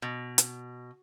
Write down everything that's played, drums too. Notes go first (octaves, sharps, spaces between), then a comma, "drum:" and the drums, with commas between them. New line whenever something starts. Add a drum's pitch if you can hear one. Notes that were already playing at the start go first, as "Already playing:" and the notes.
B2
drum: hi-hat